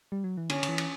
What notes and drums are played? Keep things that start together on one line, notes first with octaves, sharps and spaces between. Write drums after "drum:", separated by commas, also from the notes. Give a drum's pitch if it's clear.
G3
F#3
E3
D3 C#4 C#5, drum: cymbal
D3, drum: cymbal
E3
drum: cymbal